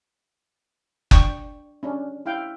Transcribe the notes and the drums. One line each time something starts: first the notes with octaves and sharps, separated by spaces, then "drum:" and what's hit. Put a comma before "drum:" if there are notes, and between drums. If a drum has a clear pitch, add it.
D4 G5 C#6, drum: kick F#1
C#4 D4
E4 F5 G5